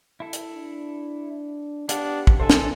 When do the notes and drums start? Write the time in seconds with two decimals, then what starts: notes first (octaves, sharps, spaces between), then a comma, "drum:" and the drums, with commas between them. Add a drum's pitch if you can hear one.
0.20 E4 A4
0.33 drum: hi-hat
0.55 D4
1.89 B3 D4 G4 F5 F#5, drum: hi-hat
2.27 drum: kick
2.40 D3 A4 C5 E5 G#5
2.50 drum: snare